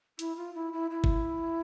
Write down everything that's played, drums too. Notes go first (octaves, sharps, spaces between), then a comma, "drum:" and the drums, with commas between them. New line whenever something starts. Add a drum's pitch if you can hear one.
E4, drum: hi-hat
F4
E4
E4
E4
drum: kick G1